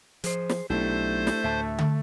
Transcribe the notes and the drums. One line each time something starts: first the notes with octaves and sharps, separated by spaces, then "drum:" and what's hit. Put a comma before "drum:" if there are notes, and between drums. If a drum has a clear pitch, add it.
F3 G#4 C5, drum: hi-hat
drum: snare
B1 A3 D4 E4 G4 C5
drum: snare
D2 A2 E5 A5
drum: tom D3